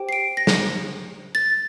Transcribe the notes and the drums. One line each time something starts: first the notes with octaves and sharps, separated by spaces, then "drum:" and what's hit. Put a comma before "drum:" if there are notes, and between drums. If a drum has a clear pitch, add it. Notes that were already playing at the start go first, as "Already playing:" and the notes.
Already playing: G4 C5 G5
C7
D7
A#6
drum: snare
A6